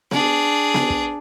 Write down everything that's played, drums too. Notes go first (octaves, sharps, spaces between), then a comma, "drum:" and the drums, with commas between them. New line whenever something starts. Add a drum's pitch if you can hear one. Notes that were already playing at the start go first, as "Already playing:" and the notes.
D4 G#4, drum: snare B3
drum: snare B3
drum: kick